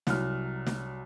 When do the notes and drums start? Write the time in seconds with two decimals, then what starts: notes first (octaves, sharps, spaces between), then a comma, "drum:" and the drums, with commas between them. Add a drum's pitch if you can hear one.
0.07 C2 F#3 F6, drum: snare
0.67 drum: snare